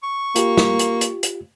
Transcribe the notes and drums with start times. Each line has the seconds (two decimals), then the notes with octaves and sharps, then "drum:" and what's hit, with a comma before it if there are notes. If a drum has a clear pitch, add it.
0.03 C#6
0.36 A#3 F4 G4, drum: hi-hat
0.57 drum: snare
0.79 drum: hi-hat
1.01 drum: hi-hat
1.23 drum: hi-hat